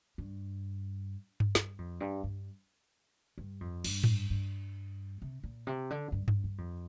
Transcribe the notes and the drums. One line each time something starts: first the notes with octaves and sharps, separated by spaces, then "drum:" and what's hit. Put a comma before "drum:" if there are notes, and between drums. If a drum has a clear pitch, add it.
G2
drum: tom G2
G2, drum: snare
F2
G2
G2
G2
F2
G2, drum: cymbal
drum: tom G#2
G2
C3
A#2
C3
D3
G2
G2, drum: tom G2
G2
F2